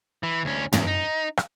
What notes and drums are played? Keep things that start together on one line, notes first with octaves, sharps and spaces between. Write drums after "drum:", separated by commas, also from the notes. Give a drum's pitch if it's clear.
E3
D2 C#4
E2, drum: tom
D#4
drum: rim click